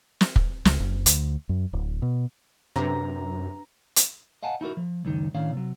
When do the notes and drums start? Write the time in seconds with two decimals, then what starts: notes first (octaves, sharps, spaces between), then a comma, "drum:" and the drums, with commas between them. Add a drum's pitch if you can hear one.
0.21 drum: snare
0.36 drum: kick
0.65 C#2, drum: snare
0.80 F#1
1.06 D2, drum: hi-hat
1.49 F#2
1.73 D1
2.02 B2
2.76 F#2 C3 D4 B4 A#5
3.96 drum: hi-hat
4.43 D#5 F5 F#5 G#5 A5
4.61 D#4 E4 F#4 A#4
4.77 F3
5.05 C#2 F#2 D#3 D#4
5.35 A2 D#3 C#4 D4 F5
5.53 C3 F#3